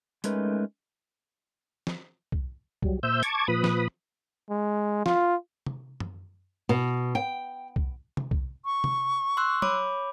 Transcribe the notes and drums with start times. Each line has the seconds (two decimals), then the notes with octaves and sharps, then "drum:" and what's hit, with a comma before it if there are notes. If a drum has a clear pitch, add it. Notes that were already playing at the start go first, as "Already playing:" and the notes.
0.24 G#3 A3 C#4 D#4 A#4 B4, drum: hi-hat
1.87 drum: snare
2.32 drum: kick B1
2.82 F#3 G3, drum: kick B1
3.03 A#2 C5 E5 E6 G6
3.23 A5 C#6 D6 G#6, drum: hi-hat
3.48 A#2 F3 B4 B5 D#6
3.64 drum: snare
4.50 G#3
5.06 F4, drum: snare
5.66 drum: tom C3
6.00 drum: tom F#2
6.69 B2
7.15 G5
7.76 drum: kick B1
8.17 drum: tom C3
8.31 drum: kick B1
8.65 C#6
8.84 drum: tom C3
9.37 C6 E6 F#6
9.62 C#5 B5 D6, drum: tom